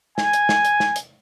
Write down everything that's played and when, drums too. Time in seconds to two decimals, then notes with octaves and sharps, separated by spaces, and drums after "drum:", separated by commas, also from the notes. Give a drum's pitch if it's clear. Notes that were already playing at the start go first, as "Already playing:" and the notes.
0.18 G#5, drum: snare
0.33 drum: hi-hat
0.49 drum: snare
0.65 drum: hi-hat
0.80 drum: snare
0.96 drum: hi-hat